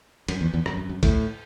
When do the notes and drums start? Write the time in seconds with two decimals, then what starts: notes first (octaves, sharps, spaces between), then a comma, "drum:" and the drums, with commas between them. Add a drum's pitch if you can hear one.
0.28 F#2, drum: cymbal
0.41 E2
0.54 E2
0.66 F#2, drum: rim click
0.77 F#2
0.89 F#2
1.03 A2, drum: kick C2, cymbal